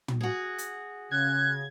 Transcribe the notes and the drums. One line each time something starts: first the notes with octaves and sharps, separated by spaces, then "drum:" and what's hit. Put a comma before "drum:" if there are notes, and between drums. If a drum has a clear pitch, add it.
drum: tom
F#4 G#4
drum: hi-hat
C#3 F#6 G#6